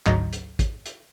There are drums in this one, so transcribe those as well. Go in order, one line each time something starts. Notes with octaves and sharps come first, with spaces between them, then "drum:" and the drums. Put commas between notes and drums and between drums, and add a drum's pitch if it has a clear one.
G#1 D2 G#2 F#3 D#5 A#5, drum: clap
drum: hi-hat
drum: kick, hi-hat
drum: hi-hat